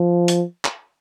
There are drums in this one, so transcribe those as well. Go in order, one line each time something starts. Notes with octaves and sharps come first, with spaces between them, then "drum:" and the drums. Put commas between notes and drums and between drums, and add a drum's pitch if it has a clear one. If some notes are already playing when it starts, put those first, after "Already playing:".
Already playing: F3
drum: hi-hat
drum: clap